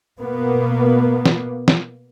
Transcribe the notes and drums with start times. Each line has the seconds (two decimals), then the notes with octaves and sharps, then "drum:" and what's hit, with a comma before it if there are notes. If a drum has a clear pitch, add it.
0.20 B2 A#3 B3
1.26 drum: snare
1.68 drum: snare